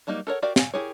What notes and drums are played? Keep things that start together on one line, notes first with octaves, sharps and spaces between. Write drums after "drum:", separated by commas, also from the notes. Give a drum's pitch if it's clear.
F#3 G3 A#3 D#4
A4 A#4 C#5 F#5
F#4 G4 A#4 D5 F5
F5 G#5, drum: snare
E4 G4 G#4 A#4 C#5